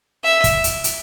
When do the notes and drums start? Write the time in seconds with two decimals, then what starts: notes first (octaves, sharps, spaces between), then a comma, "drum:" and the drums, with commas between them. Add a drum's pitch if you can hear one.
0.24 E5
0.44 drum: kick, hi-hat
0.64 drum: hi-hat
0.84 drum: hi-hat